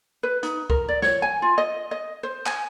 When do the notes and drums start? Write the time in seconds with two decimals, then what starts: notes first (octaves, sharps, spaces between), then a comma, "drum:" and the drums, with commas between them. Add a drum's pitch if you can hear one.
0.23 B4
0.43 D#4, drum: hi-hat
0.70 A#4, drum: kick
0.89 D5
1.02 C#5, drum: snare
1.22 G#5
1.42 F4
1.58 D#5
1.91 D#5
2.23 C5
2.46 G#5, drum: clap